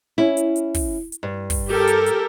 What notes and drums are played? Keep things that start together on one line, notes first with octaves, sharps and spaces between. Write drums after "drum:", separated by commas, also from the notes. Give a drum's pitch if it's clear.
C#4 E4
drum: hi-hat
drum: hi-hat
drum: kick, open hi-hat
drum: hi-hat
G2
drum: kick, open hi-hat
G4 A4 A#4
drum: hi-hat
drum: hi-hat